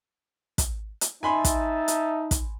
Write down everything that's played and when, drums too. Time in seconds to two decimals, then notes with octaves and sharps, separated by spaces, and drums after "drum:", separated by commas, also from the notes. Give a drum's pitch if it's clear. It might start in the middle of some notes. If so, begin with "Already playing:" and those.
0.58 drum: kick, hi-hat
1.01 drum: hi-hat
1.23 D#4 E5 G#5 A5 B5 C6
1.45 drum: kick, hi-hat
1.88 drum: hi-hat
2.31 drum: kick, hi-hat